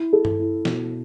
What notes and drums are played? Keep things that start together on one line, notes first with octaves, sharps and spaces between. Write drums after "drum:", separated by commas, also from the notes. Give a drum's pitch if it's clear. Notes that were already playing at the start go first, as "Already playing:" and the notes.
Already playing: E4
A4
drum: tom G2
E4
B2, drum: snare